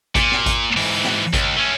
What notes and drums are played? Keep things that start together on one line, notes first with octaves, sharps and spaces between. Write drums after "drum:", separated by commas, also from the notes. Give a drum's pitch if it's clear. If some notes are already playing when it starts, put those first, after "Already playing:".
A#2, drum: kick G#1, hi-hat
drum: snare
drum: kick G#1, hi-hat
G#2 E3, drum: open hi-hat
drum: snare
C#2, drum: kick G#1, hi-hat
A3 C#4